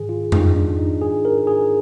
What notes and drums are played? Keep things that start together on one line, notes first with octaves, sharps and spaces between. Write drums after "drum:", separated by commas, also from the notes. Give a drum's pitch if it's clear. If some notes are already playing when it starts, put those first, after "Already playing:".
Already playing: G#2 D#3 G#4
F4
D#4, drum: tom F2
D4
D#4
G#4
A#4
G#4